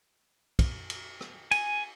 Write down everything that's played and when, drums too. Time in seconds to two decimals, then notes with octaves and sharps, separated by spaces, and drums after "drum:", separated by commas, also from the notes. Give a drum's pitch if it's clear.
0.59 drum: kick, cymbal
0.90 drum: cymbal
1.21 drum: rim click
1.51 G#5, drum: cymbal